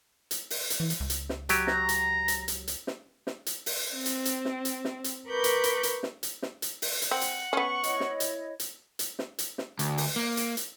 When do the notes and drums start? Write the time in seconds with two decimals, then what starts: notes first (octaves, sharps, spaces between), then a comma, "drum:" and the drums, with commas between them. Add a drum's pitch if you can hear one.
0.31 drum: hi-hat
0.50 drum: open hi-hat
0.70 drum: hi-hat
0.80 E3
0.90 drum: hi-hat
1.00 C#2
1.10 drum: hi-hat
1.29 drum: snare
1.49 F#3 G4, drum: hi-hat
1.67 A#5, drum: snare
1.89 drum: hi-hat
2.28 drum: hi-hat
2.48 drum: hi-hat
2.68 drum: hi-hat
2.87 drum: snare
3.27 drum: snare
3.46 drum: hi-hat
3.66 drum: open hi-hat
3.94 C4
4.06 drum: hi-hat
4.25 drum: hi-hat
4.45 drum: snare
4.65 drum: hi-hat
4.85 drum: snare
5.04 drum: hi-hat
5.28 A#4 B4 B5 C#6 D6 G6
5.44 drum: hi-hat
5.64 drum: hi-hat
5.83 drum: hi-hat
6.03 drum: snare
6.23 drum: hi-hat
6.42 drum: snare
6.62 drum: hi-hat
6.82 drum: open hi-hat
7.02 drum: hi-hat
7.11 C4 F#5
7.21 drum: hi-hat
7.53 B3 C#4 C#6
7.83 E4 C#5 D#5, drum: hi-hat
8.00 drum: snare
8.20 drum: hi-hat
8.60 drum: hi-hat
8.99 drum: hi-hat
9.19 drum: snare
9.38 drum: hi-hat
9.58 drum: snare
9.79 D2, drum: hi-hat
9.98 drum: open hi-hat
10.16 A#3
10.37 drum: hi-hat
10.57 drum: hi-hat